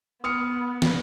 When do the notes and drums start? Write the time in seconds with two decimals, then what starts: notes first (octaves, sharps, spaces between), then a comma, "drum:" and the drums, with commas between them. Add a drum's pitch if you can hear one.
0.24 B3 D#6 F6 C#7
0.82 drum: snare